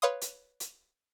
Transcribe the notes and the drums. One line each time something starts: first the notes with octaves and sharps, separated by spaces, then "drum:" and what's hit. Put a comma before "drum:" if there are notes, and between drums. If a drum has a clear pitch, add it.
B4 C#5 F5 C6 D#6
drum: hi-hat
drum: hi-hat